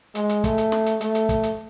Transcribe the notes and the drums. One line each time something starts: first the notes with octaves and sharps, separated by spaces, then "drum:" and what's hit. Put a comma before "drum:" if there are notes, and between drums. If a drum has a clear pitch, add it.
G#3, drum: hi-hat
drum: hi-hat
A3, drum: kick, hi-hat
drum: hi-hat
drum: snare
drum: hi-hat
A3, drum: hi-hat
drum: hi-hat
drum: kick, hi-hat
drum: hi-hat